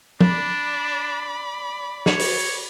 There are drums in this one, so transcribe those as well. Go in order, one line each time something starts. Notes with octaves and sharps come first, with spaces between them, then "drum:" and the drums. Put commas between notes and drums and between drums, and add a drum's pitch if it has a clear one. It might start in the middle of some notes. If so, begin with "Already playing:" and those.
D4 D5 B5, drum: tom
C#5, drum: snare
drum: open hi-hat